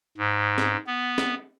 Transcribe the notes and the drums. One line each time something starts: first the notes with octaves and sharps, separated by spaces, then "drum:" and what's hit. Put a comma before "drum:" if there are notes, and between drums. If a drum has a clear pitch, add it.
G#2
drum: snare
B3
drum: snare